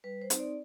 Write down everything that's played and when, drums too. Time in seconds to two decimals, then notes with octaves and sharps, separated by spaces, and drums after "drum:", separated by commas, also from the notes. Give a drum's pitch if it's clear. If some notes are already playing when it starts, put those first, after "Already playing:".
0.04 G3 B4
0.22 C5
0.30 C4 D#4, drum: hi-hat
0.39 D5